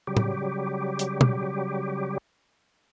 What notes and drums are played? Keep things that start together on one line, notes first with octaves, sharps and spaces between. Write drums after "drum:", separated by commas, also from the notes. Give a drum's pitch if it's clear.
C#3 F#3 G3 G4
drum: tom
drum: hi-hat
drum: tom